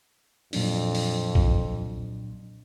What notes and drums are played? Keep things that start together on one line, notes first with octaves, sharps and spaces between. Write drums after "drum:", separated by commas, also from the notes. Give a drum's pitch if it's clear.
F2 A#2 F#3 D4, drum: open hi-hat
drum: open hi-hat
drum: kick